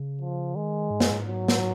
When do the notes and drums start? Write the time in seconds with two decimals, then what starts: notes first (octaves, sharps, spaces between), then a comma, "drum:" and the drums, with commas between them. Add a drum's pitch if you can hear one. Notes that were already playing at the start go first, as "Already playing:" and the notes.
Already playing: C#3
0.21 F3
0.55 D#3 G#3
0.91 G#2
1.00 F#2, drum: snare
1.11 G#2
1.25 F#3
1.48 drum: snare